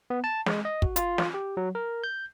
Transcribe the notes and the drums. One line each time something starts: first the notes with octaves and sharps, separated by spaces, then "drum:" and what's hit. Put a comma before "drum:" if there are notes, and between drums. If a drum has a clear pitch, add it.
B3
A5
G#3, drum: snare
D#5
F#4, drum: kick
F4, drum: hi-hat
drum: snare
G4
F#3
A#4
G6